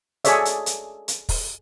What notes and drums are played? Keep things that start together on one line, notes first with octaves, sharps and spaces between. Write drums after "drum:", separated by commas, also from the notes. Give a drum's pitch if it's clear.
G#4 A4 C#5 D5 E5, drum: hi-hat
drum: hi-hat
drum: hi-hat
drum: hi-hat
drum: kick, open hi-hat